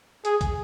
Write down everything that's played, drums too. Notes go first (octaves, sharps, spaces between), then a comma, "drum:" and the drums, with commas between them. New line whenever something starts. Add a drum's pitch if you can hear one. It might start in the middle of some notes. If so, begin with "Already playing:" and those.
G#4, drum: hi-hat
drum: kick A#1, hi-hat